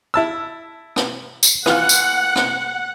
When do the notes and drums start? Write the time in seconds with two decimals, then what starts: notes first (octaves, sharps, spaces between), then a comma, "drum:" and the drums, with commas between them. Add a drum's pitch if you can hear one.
0.14 E4 A5 E6
0.96 drum: rim click
1.43 drum: tambourine
1.66 E3 F4 F#5 F6, drum: rim click
1.89 drum: tambourine
2.36 drum: rim click